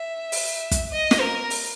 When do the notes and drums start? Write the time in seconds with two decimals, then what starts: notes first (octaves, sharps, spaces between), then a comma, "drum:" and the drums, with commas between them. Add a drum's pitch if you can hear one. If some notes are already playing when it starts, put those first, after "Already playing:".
Already playing: E5
0.32 drum: open hi-hat
0.71 drum: kick, hi-hat
0.91 D#5
1.11 drum: snare
1.20 A#4
1.50 drum: open hi-hat